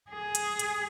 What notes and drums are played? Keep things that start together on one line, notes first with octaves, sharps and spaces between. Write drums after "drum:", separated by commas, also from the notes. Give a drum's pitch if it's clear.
G#4
drum: hi-hat
drum: hi-hat